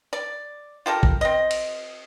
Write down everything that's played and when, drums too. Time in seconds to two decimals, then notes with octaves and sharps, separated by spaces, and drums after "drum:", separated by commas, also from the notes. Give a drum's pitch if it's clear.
0.13 D5
0.86 F4 G4 A4 A#4
1.03 drum: kick
1.21 C4 D#5
1.51 drum: cymbal